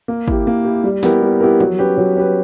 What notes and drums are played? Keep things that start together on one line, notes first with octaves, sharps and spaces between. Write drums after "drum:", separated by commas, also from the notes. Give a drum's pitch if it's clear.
A#3
E4 G4, drum: kick G#1
A#3
E4 G4
G3
B3 E4 G4 A#4, drum: snare
G3
B3 E4 G4 A#4
F#3, drum: tom
C#4 G4 B4
F#3
C#4 G4 B4